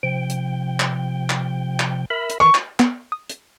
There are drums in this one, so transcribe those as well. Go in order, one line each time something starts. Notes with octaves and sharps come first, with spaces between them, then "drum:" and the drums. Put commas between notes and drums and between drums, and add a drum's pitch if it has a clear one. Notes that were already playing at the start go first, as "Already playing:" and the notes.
C3 F3 G5
drum: hi-hat
drum: clap
drum: clap
drum: clap
A#4 E5 B5
drum: hi-hat
D#3 E3 C#6
drum: clap
B3, drum: clap
D#6
drum: hi-hat